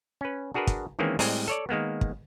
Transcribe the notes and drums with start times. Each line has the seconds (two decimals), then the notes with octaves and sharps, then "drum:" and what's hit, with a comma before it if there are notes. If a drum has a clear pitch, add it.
0.21 C#4 B4
0.54 D4 F#4 G#4 A#4 B4
0.67 drum: kick, hi-hat
0.99 D#3 E3 G#3 A#3 C4 C#4
1.19 A2 G3 G#3 C4 G#5, drum: open hi-hat
1.48 A4 C#5 D5
1.69 D#3 G#3 A#3 B3
2.01 drum: kick